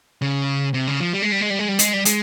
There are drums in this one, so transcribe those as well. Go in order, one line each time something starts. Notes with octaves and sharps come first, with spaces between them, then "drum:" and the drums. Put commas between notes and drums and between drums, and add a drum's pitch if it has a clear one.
C#3
C3
C#3
F3
G3
G#3
G3
G#3
G3
G#3
G3
G#3, drum: hi-hat
G3
G#3, drum: hi-hat